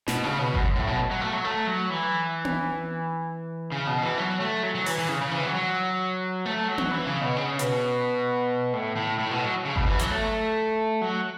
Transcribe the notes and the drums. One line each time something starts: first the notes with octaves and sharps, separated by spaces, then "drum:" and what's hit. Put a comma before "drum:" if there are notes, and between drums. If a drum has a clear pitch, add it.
B2, drum: snare
C#3
B2
F#2, drum: kick G1
A2
B2
F#3
A3
F#3
A3
F#3
E3
drum: tom B3
C#3
B2
E3
F#3
A3
F#3
F#3
E3, drum: open hi-hat
E3
C#3
C#3
E3
F#3
F#3
A3
F#3
drum: tom B3
E3
C#3
B2
C#3
B2, drum: hi-hat
A2
A2
A2
B2
F#3
C#3
B2, drum: kick G1
E3
F#3, drum: hi-hat
A3
F#3